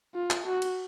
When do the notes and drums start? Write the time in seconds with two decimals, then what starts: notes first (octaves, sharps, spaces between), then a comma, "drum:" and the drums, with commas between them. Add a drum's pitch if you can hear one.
0.15 F4
0.30 drum: clap
0.46 F#4
0.62 drum: cymbal